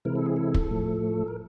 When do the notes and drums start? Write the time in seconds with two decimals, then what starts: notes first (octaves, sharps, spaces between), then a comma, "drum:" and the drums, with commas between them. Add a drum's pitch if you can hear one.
0.05 C3 E3 G#3 C4 E4 A#4
0.16 A4
0.26 G#4
0.36 A4
0.54 drum: kick
0.71 A2 F3 A3
1.28 A#4